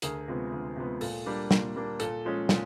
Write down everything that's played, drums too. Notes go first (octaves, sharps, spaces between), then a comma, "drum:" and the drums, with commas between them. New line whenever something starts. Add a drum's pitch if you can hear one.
D2 G#4 A#4, drum: hi-hat
C3 F3 G#3 B3
D2
C3 F3 G#3 B3
A#2 A4, drum: open hi-hat
G3 A#3 D4
A#2, drum: snare
G3 A#3 D4
A#2 A4, drum: hi-hat
F3 G#3 C#4
A#2, drum: snare